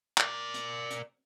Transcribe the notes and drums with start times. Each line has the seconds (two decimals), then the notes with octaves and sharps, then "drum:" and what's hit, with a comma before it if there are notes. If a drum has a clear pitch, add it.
0.18 A#4 D5, drum: clap
0.54 drum: hi-hat
0.90 drum: hi-hat